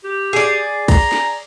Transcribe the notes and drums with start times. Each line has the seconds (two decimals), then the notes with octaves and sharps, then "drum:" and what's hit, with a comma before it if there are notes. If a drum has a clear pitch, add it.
0.04 G4
0.33 G#4 D5
0.88 A#5, drum: kick, cymbal
1.12 drum: snare